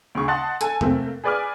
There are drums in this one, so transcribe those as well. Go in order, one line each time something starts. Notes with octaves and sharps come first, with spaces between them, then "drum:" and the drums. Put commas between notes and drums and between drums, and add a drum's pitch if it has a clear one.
D2 C#3 C#6
D#5 F#5 A5 C6 F#6 A6
A4 G#5 A5, drum: hi-hat
A3 A#3 C4, drum: tom E2
G#4 B4 D5 G#5 D6 F6